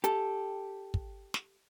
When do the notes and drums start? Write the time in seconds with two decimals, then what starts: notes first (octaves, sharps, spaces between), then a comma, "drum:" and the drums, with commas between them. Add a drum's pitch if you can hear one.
0.04 G4 A4, drum: hi-hat
0.94 drum: kick
1.34 drum: snare